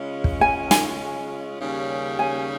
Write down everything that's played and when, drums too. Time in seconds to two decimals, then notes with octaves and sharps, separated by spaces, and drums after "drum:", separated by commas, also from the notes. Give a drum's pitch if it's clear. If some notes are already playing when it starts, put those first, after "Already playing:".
Already playing: C#3 G#3 C#4 F4
0.24 drum: kick
0.41 G#5
0.71 G#5, drum: snare
1.60 D#2 C#3 G3 C#4
2.19 G#5